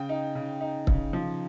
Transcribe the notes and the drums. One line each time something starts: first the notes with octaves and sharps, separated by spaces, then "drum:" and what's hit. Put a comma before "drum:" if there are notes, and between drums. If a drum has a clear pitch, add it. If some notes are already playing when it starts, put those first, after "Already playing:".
Already playing: C#3 G5
D#4
C#3
D#4
C#3, drum: kick
F3